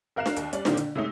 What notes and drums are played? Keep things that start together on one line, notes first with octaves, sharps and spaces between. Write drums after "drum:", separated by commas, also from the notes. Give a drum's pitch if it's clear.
G#1 A#4 F5 F#6 C7 E7
drum: snare D4
D#2, drum: hi-hat
G3 C#4 D5, drum: hi-hat
A#2 D3 D#3 G3 A#3 C4, drum: snare D4
D3, drum: hi-hat
C3 G#3 A3 C#4 D#4